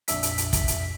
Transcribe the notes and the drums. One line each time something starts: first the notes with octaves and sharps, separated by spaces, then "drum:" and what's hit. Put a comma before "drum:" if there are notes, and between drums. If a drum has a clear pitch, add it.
A#1 F2 D4 E5 B6, drum: hi-hat
drum: hi-hat
drum: hi-hat
drum: kick, hi-hat
drum: hi-hat